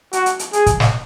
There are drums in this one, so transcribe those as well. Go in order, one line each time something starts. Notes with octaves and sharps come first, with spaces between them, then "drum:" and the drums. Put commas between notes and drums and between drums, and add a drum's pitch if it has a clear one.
F#4, drum: hi-hat
drum: hi-hat
drum: hi-hat
G#4, drum: hi-hat
drum: kick, hi-hat
drum: snare